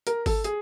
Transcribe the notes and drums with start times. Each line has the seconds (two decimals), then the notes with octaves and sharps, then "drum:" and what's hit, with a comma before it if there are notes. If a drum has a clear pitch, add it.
0.07 A#4, drum: hi-hat
0.26 A4, drum: kick G#1, open hi-hat
0.44 G#4, drum: hi-hat